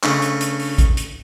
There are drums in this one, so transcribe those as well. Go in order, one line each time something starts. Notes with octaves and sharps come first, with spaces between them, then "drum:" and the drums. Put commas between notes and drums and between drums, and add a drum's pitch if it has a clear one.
C#3 A3 D4, drum: clap
drum: hi-hat
drum: hi-hat
drum: open hi-hat
drum: kick A1, hi-hat
drum: hi-hat